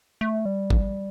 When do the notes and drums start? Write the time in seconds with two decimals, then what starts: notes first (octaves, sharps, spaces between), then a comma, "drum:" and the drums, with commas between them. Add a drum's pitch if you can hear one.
0.21 A3
0.45 G3
0.70 drum: kick